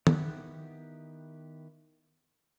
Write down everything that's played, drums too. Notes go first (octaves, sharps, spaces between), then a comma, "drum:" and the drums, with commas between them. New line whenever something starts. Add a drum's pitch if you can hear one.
D#3 B3 E4 G4 F#5, drum: tom D#3